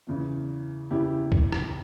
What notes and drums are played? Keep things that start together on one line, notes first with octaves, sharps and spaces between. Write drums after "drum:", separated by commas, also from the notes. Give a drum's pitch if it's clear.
E2 C#3 E3
E2 C#3 E3 E4 G4
drum: kick C#2
drum: rim click